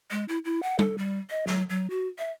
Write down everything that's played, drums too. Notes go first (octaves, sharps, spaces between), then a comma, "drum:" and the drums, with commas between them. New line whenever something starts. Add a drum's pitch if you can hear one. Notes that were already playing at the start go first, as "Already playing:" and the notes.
G#3
E4
E4
F#5
A4, drum: tom G3
G3
D#5
F#3, drum: snare
F#3
F#4
E5